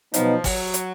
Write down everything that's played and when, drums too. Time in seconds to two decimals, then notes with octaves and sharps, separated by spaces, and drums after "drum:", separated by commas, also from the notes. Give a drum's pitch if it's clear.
0.14 B2 F3 F#3 B3 D#4, drum: hi-hat
0.44 F#3, drum: kick, open hi-hat
0.74 drum: hi-hat